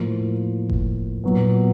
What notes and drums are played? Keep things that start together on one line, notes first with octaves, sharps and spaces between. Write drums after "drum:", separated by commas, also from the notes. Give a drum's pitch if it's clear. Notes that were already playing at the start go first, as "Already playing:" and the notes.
Already playing: A2 F3 A#3
drum: kick F#1
A#2 F#3 B3